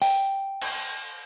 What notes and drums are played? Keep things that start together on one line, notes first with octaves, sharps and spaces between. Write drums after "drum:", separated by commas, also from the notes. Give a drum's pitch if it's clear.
G5, drum: open hi-hat
drum: cymbal